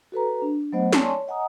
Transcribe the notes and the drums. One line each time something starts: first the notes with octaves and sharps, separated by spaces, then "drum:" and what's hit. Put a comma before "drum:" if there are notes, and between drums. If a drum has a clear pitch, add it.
F#4 A4 B4 A#5
D4
F#3 A3 B3 C5 D#5 F#5
C#5 D5 G#5 A5 C6 C#6, drum: snare
C#5
D#5 F#5 G#5 A#5 D#6